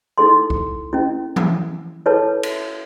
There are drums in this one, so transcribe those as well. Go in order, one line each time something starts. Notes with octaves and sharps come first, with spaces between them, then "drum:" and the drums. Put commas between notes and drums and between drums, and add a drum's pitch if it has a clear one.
D#4 E4 A4 C6
drum: kick C#2
C#4 E4
drum: tom E3
E4 A4 B4 C#5 A5
drum: cymbal